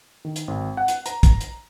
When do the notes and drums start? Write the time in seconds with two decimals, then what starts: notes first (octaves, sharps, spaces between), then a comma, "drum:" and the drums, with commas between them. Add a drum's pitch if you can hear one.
0.25 D#3
0.36 drum: hi-hat
0.48 G#1
0.77 F#5
0.88 drum: hi-hat
1.06 A#5, drum: hi-hat
1.23 drum: kick, hi-hat
1.41 drum: hi-hat